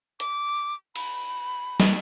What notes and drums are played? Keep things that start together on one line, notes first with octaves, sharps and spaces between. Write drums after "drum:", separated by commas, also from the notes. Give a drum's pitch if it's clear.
D6, drum: hi-hat
B5, drum: cymbal
drum: snare